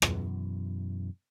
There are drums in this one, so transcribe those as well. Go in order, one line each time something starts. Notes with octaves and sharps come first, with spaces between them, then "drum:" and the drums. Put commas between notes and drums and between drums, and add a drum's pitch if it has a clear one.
F#2 B2 E3, drum: rim click